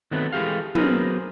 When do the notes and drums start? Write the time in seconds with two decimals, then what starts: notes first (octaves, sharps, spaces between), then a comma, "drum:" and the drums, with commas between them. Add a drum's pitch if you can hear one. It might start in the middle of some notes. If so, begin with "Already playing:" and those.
0.11 D#3 F#3 A3 B3 C4
0.32 E3 G#3 A3 G4 F5
0.75 F#3 B3 G#4 A#4 C5, drum: tom